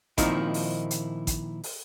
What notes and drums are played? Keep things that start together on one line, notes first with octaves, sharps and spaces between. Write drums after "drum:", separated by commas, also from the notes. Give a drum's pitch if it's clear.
A#2 D#3 F3 C4 D#4 E4, drum: kick A1, hi-hat
drum: open hi-hat
drum: hi-hat
drum: kick A1, hi-hat
drum: open hi-hat